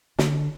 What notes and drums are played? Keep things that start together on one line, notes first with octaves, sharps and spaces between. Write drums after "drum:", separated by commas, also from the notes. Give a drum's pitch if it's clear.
D3, drum: snare